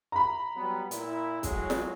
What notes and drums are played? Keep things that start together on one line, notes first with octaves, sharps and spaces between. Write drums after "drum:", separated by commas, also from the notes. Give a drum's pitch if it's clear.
A#5 B5
F#3 G3 B3
A#2 E4, drum: hi-hat
A2 F#3 G#3, drum: kick, hi-hat
drum: snare